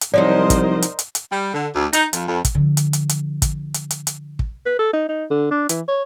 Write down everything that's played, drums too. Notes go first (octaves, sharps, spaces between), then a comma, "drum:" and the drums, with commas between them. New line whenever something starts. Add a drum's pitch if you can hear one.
drum: hi-hat
C2 F3 F#3 D#4 A#4 C5 D5 D#5
drum: kick, hi-hat
drum: hi-hat
drum: hi-hat
drum: hi-hat
G3
D3
D2
D#4, drum: hi-hat
F2, drum: hi-hat
F2
drum: kick, hi-hat
D3 F3
drum: hi-hat
drum: hi-hat
drum: hi-hat
drum: kick, hi-hat
drum: hi-hat
drum: hi-hat
drum: hi-hat
drum: kick
B4
A4
D#4
D#4
D3
D4
E3, drum: hi-hat
C#5